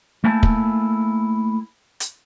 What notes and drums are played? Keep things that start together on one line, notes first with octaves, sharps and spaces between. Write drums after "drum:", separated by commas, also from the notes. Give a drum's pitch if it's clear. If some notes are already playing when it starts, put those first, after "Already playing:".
A3 A#3 E4 G#5 A5
drum: kick
drum: hi-hat